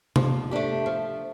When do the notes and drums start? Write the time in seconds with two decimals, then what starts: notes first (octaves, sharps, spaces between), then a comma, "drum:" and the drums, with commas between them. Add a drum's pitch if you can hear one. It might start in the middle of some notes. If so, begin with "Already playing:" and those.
0.16 F3, drum: tom C3
0.51 A3 D4 G4
0.86 F3